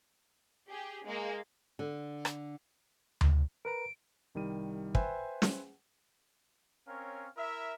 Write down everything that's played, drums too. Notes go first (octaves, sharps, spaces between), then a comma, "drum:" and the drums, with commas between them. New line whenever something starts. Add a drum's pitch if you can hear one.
G4 G#4
G#3 A#3
D3
drum: rim click
drum: tom D2
A#4 B4 A#5 D7
C2 D#3 G3 D#7
B4 C5 E5 G5 G#5, drum: kick
drum: snare
C4 C#4 A#4 C#5 F5
E4 A#4 E5